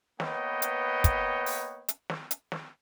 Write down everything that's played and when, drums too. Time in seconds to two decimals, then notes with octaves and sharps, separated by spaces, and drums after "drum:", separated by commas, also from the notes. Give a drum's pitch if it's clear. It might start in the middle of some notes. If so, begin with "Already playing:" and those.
0.20 A#3 B3 B4 C#5 D#5 G5, drum: snare
0.62 drum: hi-hat
1.04 drum: kick, hi-hat
1.46 drum: open hi-hat
1.88 drum: hi-hat
2.10 drum: snare
2.31 drum: hi-hat
2.52 drum: snare